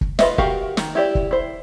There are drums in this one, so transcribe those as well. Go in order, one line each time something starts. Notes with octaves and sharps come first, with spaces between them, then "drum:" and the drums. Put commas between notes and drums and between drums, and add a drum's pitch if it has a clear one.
drum: kick
F4 B4 D#5 E5, drum: snare
F#4 G4 A#4 F5, drum: kick
D#3, drum: snare
E4 G4 D5
drum: kick
E4 C5